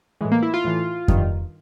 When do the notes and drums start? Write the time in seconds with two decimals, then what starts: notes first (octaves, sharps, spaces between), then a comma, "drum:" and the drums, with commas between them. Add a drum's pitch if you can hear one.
0.21 A2 E3 G#3
0.32 A#3
0.42 E4
0.54 F4
0.64 A2 E3
1.08 G2 D#3, drum: kick F2